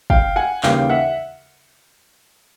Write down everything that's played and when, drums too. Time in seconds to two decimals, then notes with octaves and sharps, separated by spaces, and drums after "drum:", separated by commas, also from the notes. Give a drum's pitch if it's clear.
0.10 F5 G5, drum: kick
0.36 F#5 G#5
0.63 D#2 C#3 E3 G3 F5 G5, drum: clap
0.90 E5 F#5